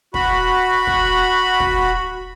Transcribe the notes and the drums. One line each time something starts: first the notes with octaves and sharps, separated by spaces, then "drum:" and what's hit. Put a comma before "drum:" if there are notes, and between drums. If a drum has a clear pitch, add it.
F#4 B5, drum: kick
drum: kick
drum: kick